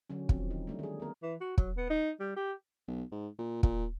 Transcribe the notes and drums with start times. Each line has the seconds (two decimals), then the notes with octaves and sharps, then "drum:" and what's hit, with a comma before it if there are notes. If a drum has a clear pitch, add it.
0.10 D3 F#3 C#4
0.29 F3 C4, drum: kick
0.50 D#3 D#4
0.67 G3 A3 D4
0.79 D#3 G#4
1.00 B3 A#4
1.23 E3
1.41 F#4
1.58 F#3, drum: kick
1.77 B3
1.90 D#4
2.20 G3
2.36 G4
2.88 B1
3.12 G#2
3.39 A#2
3.63 A#2, drum: kick